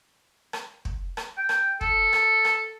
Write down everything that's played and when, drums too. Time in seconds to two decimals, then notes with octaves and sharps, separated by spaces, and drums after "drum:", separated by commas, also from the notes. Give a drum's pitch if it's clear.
0.53 drum: rim click
0.85 drum: kick
1.17 drum: rim click
1.37 G5
1.49 drum: rim click
1.81 A4, drum: kick
2.13 drum: rim click
2.45 drum: rim click